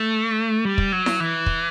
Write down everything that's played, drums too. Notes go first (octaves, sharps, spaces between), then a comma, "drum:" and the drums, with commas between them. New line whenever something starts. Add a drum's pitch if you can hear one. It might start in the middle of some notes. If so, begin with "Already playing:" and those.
Already playing: A3
G3
drum: kick
F#3
drum: snare E4
E3
drum: kick